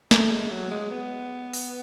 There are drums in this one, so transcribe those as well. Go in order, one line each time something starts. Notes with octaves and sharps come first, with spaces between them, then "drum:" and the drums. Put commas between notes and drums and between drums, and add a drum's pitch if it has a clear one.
A3, drum: snare
G#3
F#3
G#3
B3
drum: open hi-hat